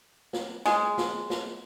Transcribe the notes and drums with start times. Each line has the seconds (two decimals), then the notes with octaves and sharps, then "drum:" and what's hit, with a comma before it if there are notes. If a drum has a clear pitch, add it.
0.33 drum: snare
0.66 G#3, drum: snare
0.98 drum: snare
1.30 drum: snare